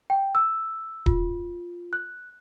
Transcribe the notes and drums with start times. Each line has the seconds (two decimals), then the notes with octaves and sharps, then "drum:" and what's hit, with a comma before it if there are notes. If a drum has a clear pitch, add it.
0.10 G5
0.35 E6
1.06 F4, drum: kick D#1
1.93 F#6